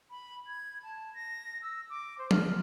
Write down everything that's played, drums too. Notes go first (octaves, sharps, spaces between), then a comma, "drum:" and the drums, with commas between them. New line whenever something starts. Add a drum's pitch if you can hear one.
B5
G#6
A5
A#6
E6
D6
C5
F6, drum: tom F3